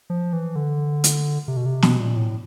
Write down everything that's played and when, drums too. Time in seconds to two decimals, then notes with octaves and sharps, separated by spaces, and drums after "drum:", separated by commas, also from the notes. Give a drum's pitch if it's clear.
0.10 F3
0.33 E3
0.56 D3
1.04 drum: hi-hat
1.48 C3
1.57 B2
1.66 C3
1.82 B2, drum: snare
2.00 A#2
2.16 A2